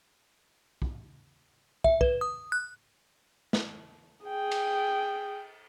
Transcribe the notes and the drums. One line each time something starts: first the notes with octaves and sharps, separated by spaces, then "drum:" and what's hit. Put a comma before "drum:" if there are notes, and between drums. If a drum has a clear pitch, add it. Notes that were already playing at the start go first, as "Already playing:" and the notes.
drum: kick
E5, drum: kick
B4, drum: kick
D#6
F#6
drum: snare
G#4 G5
drum: cymbal